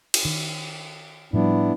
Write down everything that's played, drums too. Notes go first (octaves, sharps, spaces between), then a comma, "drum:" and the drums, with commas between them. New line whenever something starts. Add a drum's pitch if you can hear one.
drum: cymbal
D#3
A2 F3 G3 B3 D4 E4